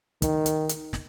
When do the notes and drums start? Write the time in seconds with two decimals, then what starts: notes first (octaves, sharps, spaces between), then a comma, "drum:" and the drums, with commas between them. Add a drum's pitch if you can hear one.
0.22 D#3, drum: kick, hi-hat
0.46 drum: hi-hat
0.69 drum: hi-hat
0.93 drum: snare